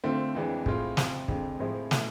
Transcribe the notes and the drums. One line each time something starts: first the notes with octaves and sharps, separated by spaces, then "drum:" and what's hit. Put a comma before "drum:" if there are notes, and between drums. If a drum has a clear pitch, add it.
D3 A3 C4 F4
F2 E3 G#3 D4
A2 G#3 C4 F4, drum: kick
F2 C3 F3, drum: snare
F2 D3 G#3, drum: kick
A2 F3 G#3 C4 E4
B2 A3 E4, drum: snare